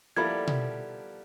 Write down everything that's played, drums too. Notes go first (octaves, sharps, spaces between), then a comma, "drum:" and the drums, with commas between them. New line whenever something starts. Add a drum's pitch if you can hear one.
F3 G3 A#3 B3 E4 A4 B5 G#6
drum: tom B2